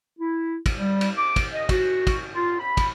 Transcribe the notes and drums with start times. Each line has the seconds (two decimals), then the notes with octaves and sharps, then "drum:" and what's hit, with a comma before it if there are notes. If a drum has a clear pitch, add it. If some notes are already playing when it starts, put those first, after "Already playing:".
0.19 E4
0.66 drum: kick, cymbal
0.77 G3
1.01 drum: cymbal
1.17 D6
1.36 drum: kick, cymbal
1.54 D#5
1.69 F#4, drum: kick, cymbal
2.07 drum: kick, cymbal
2.35 F4
2.59 B5
2.77 drum: kick, cymbal